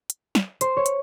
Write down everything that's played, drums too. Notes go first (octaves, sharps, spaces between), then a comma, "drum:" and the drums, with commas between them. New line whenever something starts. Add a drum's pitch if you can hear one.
drum: hi-hat
drum: snare
C5, drum: hi-hat
C#5
drum: hi-hat